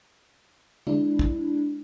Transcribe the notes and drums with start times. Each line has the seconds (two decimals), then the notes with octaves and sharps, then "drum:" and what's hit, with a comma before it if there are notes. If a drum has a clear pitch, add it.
0.87 G#3 D4 E4, drum: tom D3
1.19 drum: kick